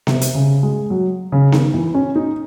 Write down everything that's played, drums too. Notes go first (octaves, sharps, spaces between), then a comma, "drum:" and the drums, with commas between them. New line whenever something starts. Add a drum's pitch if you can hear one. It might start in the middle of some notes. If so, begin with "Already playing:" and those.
C3, drum: snare B3
drum: hi-hat
C#3
G#3
F#3
C#3
D#3, drum: snare B3
E3
C#4
D#4